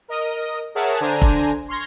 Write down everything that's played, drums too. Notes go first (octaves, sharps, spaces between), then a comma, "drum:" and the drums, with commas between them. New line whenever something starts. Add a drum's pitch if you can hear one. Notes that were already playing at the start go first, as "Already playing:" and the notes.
A#4 D#5 D#6
G#4 A#4 C#5 E5 F#5 A5
D3 D4 C5 G#5 A#5
drum: kick F1
C6 C#6 F6 G#6 A#6